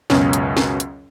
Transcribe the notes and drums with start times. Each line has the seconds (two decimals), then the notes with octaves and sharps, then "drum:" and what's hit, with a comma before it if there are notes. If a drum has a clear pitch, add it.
0.10 C#2 F#2 B2 C#4, drum: snare
0.33 drum: hi-hat
0.57 drum: snare
0.80 drum: hi-hat